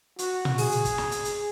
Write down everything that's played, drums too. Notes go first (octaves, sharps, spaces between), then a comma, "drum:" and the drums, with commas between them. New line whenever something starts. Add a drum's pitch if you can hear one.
F#4, drum: hi-hat
drum: tom A#2
G#4, drum: open hi-hat
drum: hi-hat
drum: kick, hi-hat
drum: snare
drum: hi-hat
drum: hi-hat